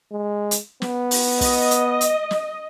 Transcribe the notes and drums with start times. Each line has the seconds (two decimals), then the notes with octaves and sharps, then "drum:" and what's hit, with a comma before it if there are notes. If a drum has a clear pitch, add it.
0.12 G#3
0.51 drum: hi-hat
0.82 B3, drum: snare
1.11 drum: open hi-hat
1.41 D#5, drum: kick, open hi-hat
1.71 drum: hi-hat
2.01 drum: hi-hat
2.31 drum: snare